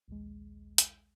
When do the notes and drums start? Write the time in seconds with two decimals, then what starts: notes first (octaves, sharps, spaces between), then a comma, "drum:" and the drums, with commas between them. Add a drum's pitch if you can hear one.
0.08 A#1 D#2 G#3
0.78 drum: hi-hat